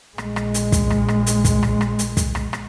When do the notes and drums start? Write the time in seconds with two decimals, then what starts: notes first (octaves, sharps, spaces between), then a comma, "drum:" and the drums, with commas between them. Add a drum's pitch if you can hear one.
0.18 A#1 G#3, drum: rim click
0.36 drum: rim click
0.54 drum: hi-hat
0.72 drum: kick, hi-hat
0.90 drum: rim click
1.08 drum: rim click
1.27 drum: hi-hat
1.45 drum: kick, hi-hat
1.63 drum: rim click
1.81 drum: rim click
1.99 drum: hi-hat
2.17 drum: kick, hi-hat
2.35 drum: rim click
2.53 drum: rim click